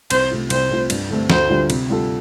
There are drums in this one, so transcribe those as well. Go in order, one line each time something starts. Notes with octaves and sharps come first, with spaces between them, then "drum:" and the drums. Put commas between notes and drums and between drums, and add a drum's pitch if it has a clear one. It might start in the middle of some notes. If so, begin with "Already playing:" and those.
C2 C5, drum: cymbal
C3 A3 F4
C2 C5, drum: cymbal
C3 A3 C4 F4
G2, drum: cymbal
D3 A3 C4
D2 C5, drum: snare
D3 G3 D4 F4
C3, drum: cymbal
G3 F4 A4